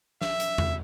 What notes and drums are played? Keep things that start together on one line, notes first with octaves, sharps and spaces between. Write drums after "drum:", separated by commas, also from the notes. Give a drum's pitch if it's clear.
E5, drum: snare
drum: hi-hat
drum: tom E2